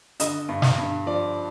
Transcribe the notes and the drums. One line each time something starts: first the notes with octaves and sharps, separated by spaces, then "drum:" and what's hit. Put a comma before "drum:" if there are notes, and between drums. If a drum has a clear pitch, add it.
D3 D#5, drum: hi-hat
G2
drum: snare
G2
F3 D5